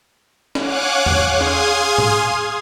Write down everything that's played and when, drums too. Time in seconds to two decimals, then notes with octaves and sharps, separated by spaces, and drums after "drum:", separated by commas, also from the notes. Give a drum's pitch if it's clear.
0.55 C#5 F5 F#5 G#5 D6 F#6, drum: snare
1.06 drum: tom E2
1.28 G#4 F5 G#5 C6 D#6 G#6
1.41 drum: snare
1.98 drum: tom